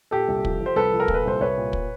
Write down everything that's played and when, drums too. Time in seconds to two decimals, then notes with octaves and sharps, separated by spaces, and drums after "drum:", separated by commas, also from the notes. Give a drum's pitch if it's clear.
0.11 A#2 G4 A4
0.28 C2
0.45 F3, drum: kick
0.61 F3
0.66 C5
0.76 C2 A4 B4
0.92 F3
1.00 A#4
1.08 A#2, drum: kick
1.14 B4
1.25 C2 C5
1.40 C2 B4 C#5
1.57 A#2
1.73 drum: kick